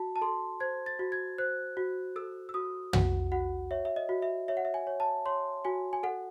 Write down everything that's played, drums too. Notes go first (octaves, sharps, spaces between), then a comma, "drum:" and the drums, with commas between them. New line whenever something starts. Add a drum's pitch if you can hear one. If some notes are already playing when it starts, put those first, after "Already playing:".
Already playing: F#4 A5
A5
A4 C6
C5 G#6
A6
F#4
G#6
C5 F#6
F#4
A4 E6
E6
F#4 D#6
F#4 F#5, drum: tom
F#4 F#5
C#5 E5
E5
D#5
F#4
E5
C#5 E5
F#5
E5
G#5
C#5
A5
C#5 C6
F#4 G#5
G#5
A4 F#5